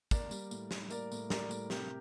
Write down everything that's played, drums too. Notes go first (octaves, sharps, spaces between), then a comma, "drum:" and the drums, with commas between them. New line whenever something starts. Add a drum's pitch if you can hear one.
A#3 A#4 D5, drum: kick, tambourine
G3, drum: tambourine
A2, drum: tambourine
G3, drum: snare
A#3 A#4 D5, drum: tambourine
A2, drum: tambourine
G3 A#4 D5, drum: snare
A2, drum: tambourine
C3 G4 A#4, drum: snare